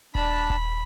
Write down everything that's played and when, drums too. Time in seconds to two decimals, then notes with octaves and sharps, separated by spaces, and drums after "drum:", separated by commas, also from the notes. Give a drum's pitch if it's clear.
0.15 D4 A5 B5, drum: kick D#1
0.50 drum: kick D#1